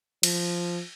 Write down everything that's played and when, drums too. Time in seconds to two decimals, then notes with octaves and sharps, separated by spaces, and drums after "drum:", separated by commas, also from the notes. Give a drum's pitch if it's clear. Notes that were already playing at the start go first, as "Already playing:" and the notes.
0.23 F3, drum: cymbal